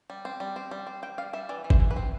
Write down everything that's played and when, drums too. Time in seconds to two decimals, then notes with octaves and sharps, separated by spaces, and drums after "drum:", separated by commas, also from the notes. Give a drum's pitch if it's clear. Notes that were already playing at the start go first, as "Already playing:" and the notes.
0.10 G3
0.25 C4
0.40 G3
0.56 C4
0.71 G3
0.87 C4
1.03 C4 G5
1.18 G3 F5
1.33 G3 E5
1.49 E3 D5
1.64 E3
1.70 C5, drum: kick G1
1.80 E3
1.91 B4
1.96 C4